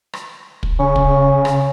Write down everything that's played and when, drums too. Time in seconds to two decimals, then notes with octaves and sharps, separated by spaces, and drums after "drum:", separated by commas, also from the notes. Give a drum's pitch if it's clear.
0.13 drum: rim click
0.63 drum: kick
0.79 C#3 C#4
0.96 drum: kick
1.45 drum: rim click